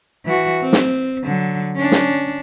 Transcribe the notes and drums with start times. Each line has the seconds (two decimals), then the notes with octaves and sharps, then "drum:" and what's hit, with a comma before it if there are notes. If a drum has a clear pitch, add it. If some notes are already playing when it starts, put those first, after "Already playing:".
0.25 E3 F#4
0.62 C4
0.73 drum: snare
1.23 D3 F#3
1.75 C#4 D4
1.92 drum: snare